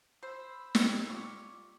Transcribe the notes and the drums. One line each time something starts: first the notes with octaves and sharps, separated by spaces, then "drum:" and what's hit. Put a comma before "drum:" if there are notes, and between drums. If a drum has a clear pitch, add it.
C5 B5 E6
drum: snare
G3
F4 C#5 D6